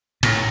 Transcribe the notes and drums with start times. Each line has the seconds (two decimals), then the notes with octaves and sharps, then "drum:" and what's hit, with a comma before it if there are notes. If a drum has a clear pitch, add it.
0.23 A2, drum: cymbal